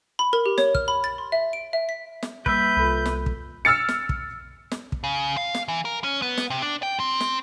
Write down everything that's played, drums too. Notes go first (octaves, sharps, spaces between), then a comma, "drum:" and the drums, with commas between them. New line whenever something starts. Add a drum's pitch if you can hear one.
B5
A#4
G4
C#5, drum: snare
F6, drum: kick
B5
A6
C6
E5
D7
E5
B6
drum: snare
G3 A#3 B4 E5 E6 G6, drum: kick
C2 F4 A4 B5
drum: snare
drum: kick
E6 F6 A6 C#7
drum: snare
drum: kick
drum: snare
drum: kick
C#3
F5
drum: snare
E3
A#4
C#4
B3
drum: snare
C3
D4
G5
C4
drum: snare